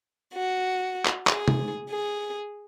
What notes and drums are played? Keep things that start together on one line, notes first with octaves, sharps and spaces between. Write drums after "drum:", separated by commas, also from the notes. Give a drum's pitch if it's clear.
F#4
drum: clap
G#4, drum: clap
drum: tom C3
G#4